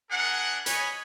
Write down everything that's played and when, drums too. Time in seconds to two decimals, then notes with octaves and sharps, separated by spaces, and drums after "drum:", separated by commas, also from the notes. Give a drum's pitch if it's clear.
0.11 D4 G#4 A#4 F#5
0.66 B4 C#5 D#5 G#5 B5, drum: hi-hat